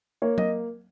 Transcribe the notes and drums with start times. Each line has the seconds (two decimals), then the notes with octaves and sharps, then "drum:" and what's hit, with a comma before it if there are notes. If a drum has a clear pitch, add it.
0.22 A#3 C#5
0.38 D#5, drum: tom F#3